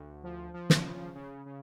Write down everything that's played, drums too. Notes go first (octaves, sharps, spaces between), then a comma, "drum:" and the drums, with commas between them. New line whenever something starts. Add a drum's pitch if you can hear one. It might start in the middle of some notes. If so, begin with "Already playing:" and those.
Already playing: D2
F3
F3
drum: snare
C#3
C#3
C#3